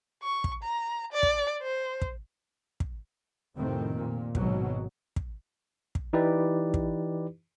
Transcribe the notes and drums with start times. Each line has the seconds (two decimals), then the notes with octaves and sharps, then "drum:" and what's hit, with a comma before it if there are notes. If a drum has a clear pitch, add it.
0.23 C#6
0.44 drum: kick
0.63 A#5
1.13 D5
1.23 drum: kick
1.62 C5
2.02 drum: kick
2.80 drum: kick
3.55 F1 A2 D#3 C4
3.96 A#2
4.35 G#1 B2 F#3, drum: kick
5.16 drum: kick
5.95 drum: kick
6.13 E3 D#4 E4 G4 B4 D5
6.74 drum: kick